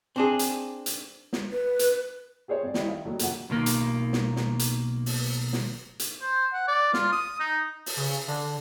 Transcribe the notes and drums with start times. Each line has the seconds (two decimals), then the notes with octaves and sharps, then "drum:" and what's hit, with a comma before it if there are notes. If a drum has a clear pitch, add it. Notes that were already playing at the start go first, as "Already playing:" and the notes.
0.16 C4 D4 G#4
0.39 drum: hi-hat
0.86 drum: hi-hat
1.33 drum: snare
1.51 B4
1.79 drum: hi-hat
2.48 G4 G#4 C5 C#5
2.63 G#1 D5
2.74 D#3 G3 D#4 E4, drum: snare
2.88 F5
3.05 D#3 F#3 G3 A3 A#3
3.19 F#2 A#2 C#3 F#5, drum: hi-hat
3.50 B1 D#3 A#3
3.66 drum: hi-hat
4.13 drum: snare
4.36 drum: snare
4.59 drum: hi-hat
5.06 drum: open hi-hat
5.53 drum: snare
6.00 drum: hi-hat
6.22 C5
6.53 F#5
6.68 D5
6.93 F4, drum: snare
7.12 D#6
7.40 D#4
7.86 drum: open hi-hat
7.97 C#3
8.28 D3